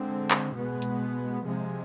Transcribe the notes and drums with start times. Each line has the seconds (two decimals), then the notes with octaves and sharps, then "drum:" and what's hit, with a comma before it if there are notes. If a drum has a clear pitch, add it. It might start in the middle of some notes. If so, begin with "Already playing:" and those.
Already playing: D3 G#3 C4
0.31 drum: clap
0.54 B2 G#3 B3
0.82 drum: hi-hat
1.43 C3 F3 G#3